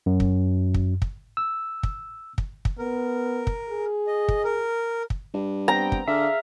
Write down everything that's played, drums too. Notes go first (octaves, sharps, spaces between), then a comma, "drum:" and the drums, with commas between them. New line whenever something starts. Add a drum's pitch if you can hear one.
F#2
drum: kick
drum: kick
drum: kick
E6
drum: kick
drum: kick
drum: kick
B3 A#4
drum: kick
G#4
D#5
drum: kick
A#4
drum: kick
G2
B3 C4 G5 A#5
drum: kick
D3 G#4 E5 F5